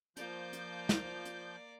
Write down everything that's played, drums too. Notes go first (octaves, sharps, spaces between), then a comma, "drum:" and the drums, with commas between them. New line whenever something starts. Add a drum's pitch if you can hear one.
F3 A#3 D5 G6, drum: hi-hat
drum: hi-hat
drum: snare
drum: hi-hat